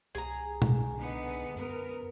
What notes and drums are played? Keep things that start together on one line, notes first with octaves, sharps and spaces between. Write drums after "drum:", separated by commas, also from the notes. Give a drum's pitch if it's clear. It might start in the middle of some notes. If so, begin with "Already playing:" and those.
C2 G#4 A#5
drum: tom B2
D3 B3 D#4
F#2 B3 A#4